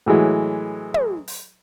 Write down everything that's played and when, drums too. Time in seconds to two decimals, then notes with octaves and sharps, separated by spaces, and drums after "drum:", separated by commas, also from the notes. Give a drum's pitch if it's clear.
0.06 A2 E3 F#3 G#3 E4
0.94 drum: tom
1.28 drum: open hi-hat